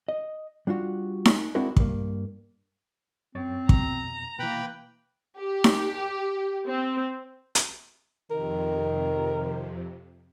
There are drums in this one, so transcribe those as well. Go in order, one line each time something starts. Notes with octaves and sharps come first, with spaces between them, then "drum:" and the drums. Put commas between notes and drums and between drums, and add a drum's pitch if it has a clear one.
D#5
G3 D4 F4 F#4
drum: snare D#4
G#3 C4 D4 E4 F#4 A#4
G2 A#3, drum: kick
F#2 C4 C#5 A6
F2 B2 A#5, drum: kick
B2 E3 A#3 B4 G5 B5
G4
drum: snare D#4
C4
drum: hi-hat
F2 C3 D#3 A#4